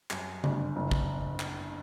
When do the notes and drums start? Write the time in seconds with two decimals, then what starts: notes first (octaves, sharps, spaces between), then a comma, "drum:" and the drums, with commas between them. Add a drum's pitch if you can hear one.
0.11 F#2, drum: clap
0.44 G1, drum: tom C#3
0.76 F#1
0.91 drum: kick
1.40 drum: clap